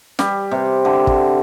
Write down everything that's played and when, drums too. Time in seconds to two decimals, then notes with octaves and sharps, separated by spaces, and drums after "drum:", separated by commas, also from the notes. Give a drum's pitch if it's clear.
0.19 G3, drum: snare
0.51 C3
0.85 D3
1.07 drum: kick